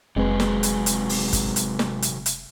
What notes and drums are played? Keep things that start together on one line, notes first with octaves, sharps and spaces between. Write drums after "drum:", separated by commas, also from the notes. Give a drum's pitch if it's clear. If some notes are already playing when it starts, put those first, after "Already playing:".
F1 C3 F#3 G#3 C4 G#4 B4
drum: snare
drum: hi-hat
drum: hi-hat
drum: open hi-hat
drum: kick, hi-hat
drum: hi-hat
drum: snare
drum: hi-hat
drum: hi-hat